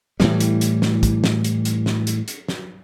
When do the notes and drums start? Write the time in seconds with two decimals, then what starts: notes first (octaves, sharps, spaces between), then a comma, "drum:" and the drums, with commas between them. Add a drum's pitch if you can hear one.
0.20 A2 E3 G3, drum: snare
0.40 drum: hi-hat
0.61 drum: hi-hat
0.82 drum: snare
1.03 drum: kick, hi-hat
1.24 drum: snare
1.44 drum: hi-hat
1.65 drum: hi-hat
1.86 drum: snare
2.07 drum: hi-hat
2.28 drum: hi-hat
2.48 drum: snare